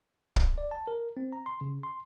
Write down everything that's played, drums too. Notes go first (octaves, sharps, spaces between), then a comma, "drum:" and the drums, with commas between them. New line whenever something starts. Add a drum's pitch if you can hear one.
drum: kick
D5
A5
A#4
C4
A#5
C6
C#3
C6